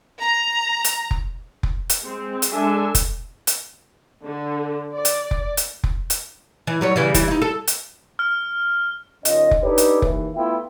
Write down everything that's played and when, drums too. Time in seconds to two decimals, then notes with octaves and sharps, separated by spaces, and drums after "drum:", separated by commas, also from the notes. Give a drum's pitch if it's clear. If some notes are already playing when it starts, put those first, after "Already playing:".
0.22 A#5
0.84 drum: hi-hat
1.11 drum: kick F1
1.63 drum: kick F1
1.90 drum: hi-hat
2.01 G#3 C4
2.42 drum: hi-hat
2.54 G#3 D4 A4 E5 G#5
2.95 drum: kick F1, hi-hat
3.47 drum: hi-hat
4.25 D3
4.94 D5
5.05 drum: hi-hat
5.31 drum: kick F1
5.57 drum: hi-hat
5.84 drum: kick F1
6.10 drum: hi-hat
6.67 E3
6.81 F#3 G3 C#5
6.96 C#3 E3 G3
7.14 E3 G3 E4, drum: kick F1, hi-hat
7.28 D#4 E4
7.42 A4
7.67 drum: hi-hat
8.19 F6
9.25 D#2 A#2 C#4 F4 D#5, drum: hi-hat
9.51 drum: kick F1
9.63 D4 D#4 G4 A4 B4 C#5
9.78 drum: hi-hat
10.02 D#2 E3, drum: kick F1
10.35 A3 B3 E4 F4 E5 G5